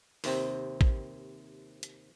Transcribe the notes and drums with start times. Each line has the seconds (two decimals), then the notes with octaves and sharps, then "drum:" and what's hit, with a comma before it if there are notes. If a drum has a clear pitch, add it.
0.24 D#2 C3 C4, drum: open hi-hat
0.81 drum: kick
1.83 drum: hi-hat